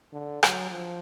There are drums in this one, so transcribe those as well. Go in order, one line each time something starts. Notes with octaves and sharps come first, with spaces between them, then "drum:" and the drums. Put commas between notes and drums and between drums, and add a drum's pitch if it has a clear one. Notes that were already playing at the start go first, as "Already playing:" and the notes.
D3
F#3, drum: rim click
F3